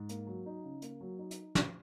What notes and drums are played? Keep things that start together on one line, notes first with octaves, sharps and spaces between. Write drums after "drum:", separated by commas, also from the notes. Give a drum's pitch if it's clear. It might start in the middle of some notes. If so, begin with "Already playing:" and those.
Already playing: G#2
A#3, drum: hi-hat
F#3
D#4
C#3
A#3, drum: hi-hat
F#3
D#4
drum: hi-hat
drum: snare